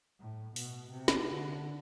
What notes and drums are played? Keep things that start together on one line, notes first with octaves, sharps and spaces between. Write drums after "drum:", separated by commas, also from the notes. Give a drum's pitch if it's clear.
A2
B2, drum: open hi-hat
C3
drum: snare
D3